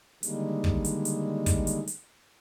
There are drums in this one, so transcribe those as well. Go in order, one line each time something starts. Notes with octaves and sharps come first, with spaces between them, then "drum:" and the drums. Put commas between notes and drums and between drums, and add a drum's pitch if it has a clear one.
D3 D#3 G3 G#3 A#3, drum: hi-hat
drum: kick
drum: hi-hat
drum: hi-hat
drum: kick, hi-hat
drum: hi-hat
drum: hi-hat